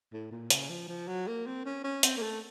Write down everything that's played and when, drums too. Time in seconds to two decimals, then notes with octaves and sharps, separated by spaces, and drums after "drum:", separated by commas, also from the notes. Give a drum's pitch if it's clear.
0.13 A2
0.31 A#2
0.50 C#3, drum: hi-hat
0.70 F3
0.88 F3
1.08 F#3
1.27 A#3
1.46 C4
1.65 C#4
1.84 C#4
2.03 C4, drum: hi-hat
2.17 A#3
2.22 A3